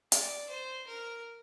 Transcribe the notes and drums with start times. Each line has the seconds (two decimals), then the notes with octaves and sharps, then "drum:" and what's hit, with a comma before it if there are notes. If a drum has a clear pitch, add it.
0.12 D5, drum: hi-hat
0.50 C5
0.87 A#4